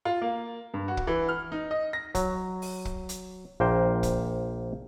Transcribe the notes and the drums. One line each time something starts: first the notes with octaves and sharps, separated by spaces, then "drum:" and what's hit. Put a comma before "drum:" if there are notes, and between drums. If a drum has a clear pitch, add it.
F4
A#3
G2
F#4
drum: kick
E3
F6
D#4
D#5
A#6
F#3, drum: kick, hi-hat
drum: open hi-hat
drum: kick
drum: hi-hat
A#1 A#3 C5 G5
drum: kick, hi-hat